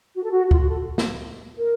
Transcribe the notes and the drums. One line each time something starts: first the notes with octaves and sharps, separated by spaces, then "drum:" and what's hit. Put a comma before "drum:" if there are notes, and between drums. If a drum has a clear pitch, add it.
F#4
A4
F#4
F#4
F4, drum: kick
F#4
A4
drum: snare
A#4